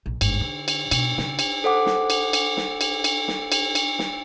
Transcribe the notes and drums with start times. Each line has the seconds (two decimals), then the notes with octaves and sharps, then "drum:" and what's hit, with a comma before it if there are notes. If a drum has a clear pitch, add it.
0.06 A#1
0.21 G1 G#2, drum: cymbal
0.41 D3
0.68 drum: cymbal
0.91 B2, drum: cymbal
1.18 C#3, drum: snare
1.39 drum: cymbal
1.64 A4 C5 F#5 D6
1.86 drum: snare
2.10 drum: cymbal
2.33 drum: cymbal
2.57 drum: snare
2.81 drum: cymbal
3.04 drum: cymbal
3.28 drum: snare
3.52 drum: cymbal
3.75 drum: cymbal
3.99 drum: snare